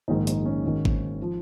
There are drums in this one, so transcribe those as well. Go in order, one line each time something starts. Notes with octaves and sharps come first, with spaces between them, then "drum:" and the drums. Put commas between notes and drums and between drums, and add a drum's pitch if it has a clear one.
A#1 G#2 D#3 D#4
D#4, drum: hi-hat
C#4
G#1 G#2 D#3
drum: kick G#1
F3